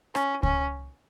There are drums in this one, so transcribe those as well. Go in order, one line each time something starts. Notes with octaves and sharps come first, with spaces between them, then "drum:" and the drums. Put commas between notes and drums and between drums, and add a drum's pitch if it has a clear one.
C#4, drum: rim click
C#4, drum: kick C#2